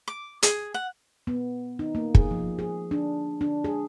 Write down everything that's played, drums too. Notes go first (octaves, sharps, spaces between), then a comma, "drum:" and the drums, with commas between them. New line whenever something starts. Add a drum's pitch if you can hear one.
D6
G#4, drum: hi-hat
F#5
B3
D#4
A#3
G#4, drum: kick
F3
G#4
D4
D4
G#4